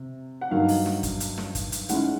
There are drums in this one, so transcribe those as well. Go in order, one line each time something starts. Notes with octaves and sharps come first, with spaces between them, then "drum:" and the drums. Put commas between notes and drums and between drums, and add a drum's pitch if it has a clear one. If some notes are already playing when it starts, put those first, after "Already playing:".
Already playing: C3
F#5
G2 D#3 F#3 A#3 D#4 F5
drum: open hi-hat
drum: snare
drum: kick, hi-hat
drum: hi-hat
drum: snare
drum: kick, hi-hat
drum: hi-hat
D#3 G#3 C#4 E4 F#5, drum: hi-hat